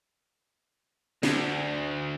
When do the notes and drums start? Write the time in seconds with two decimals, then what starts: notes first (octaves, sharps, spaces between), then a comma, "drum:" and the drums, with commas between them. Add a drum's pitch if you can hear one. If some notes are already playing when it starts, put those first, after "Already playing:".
1.23 D2, drum: snare